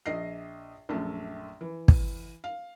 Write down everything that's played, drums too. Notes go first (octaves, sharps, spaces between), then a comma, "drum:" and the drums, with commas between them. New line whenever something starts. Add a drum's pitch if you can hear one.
A#1 D#5 A#6 C7
A#1 F#2 A3
E3
drum: kick
F5